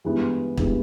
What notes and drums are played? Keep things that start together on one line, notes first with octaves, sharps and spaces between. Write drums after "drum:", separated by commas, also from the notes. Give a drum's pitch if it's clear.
G2 E3 G#3 B3
G2 E3 G#3 B3, drum: kick